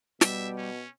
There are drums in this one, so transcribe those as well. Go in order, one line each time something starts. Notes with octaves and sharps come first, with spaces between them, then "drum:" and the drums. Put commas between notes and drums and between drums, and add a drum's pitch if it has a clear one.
B2 G3 E5, drum: snare
C#4